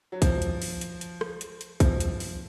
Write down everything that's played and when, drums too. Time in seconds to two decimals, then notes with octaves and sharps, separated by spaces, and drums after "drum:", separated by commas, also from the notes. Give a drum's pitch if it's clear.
0.12 F#3
0.22 F3, drum: kick, hi-hat
0.42 drum: hi-hat
0.62 drum: open hi-hat
0.81 drum: hi-hat
1.01 drum: hi-hat
1.21 drum: rim click
1.41 drum: hi-hat
1.61 drum: hi-hat
1.80 F3, drum: kick, hi-hat
2.00 drum: hi-hat
2.20 drum: open hi-hat